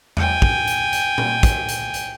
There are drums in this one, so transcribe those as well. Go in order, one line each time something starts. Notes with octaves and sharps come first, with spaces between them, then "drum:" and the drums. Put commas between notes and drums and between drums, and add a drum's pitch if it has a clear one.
G5 G#5, drum: tom E2
drum: kick
drum: hi-hat
drum: hi-hat
drum: tom A#2
drum: kick, hi-hat
drum: hi-hat
drum: hi-hat